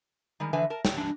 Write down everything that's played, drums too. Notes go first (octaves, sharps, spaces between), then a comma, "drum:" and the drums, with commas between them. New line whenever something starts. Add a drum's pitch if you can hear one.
D#3 G3 G#3
D3 E3 F3 B4 E5 G#5
A#4 A5
C#5 G5, drum: snare
E3 D4